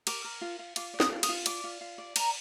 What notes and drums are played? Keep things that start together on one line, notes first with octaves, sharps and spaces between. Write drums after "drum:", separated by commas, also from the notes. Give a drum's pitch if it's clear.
A#4 D6, drum: cymbal
A#4
F4
F4
F4 D6, drum: cymbal
D5
D#6, drum: snare
F4
D#6, drum: cymbal
F4
D5 D6, drum: cymbal
F4
F4
D5
A#4 A#5, drum: cymbal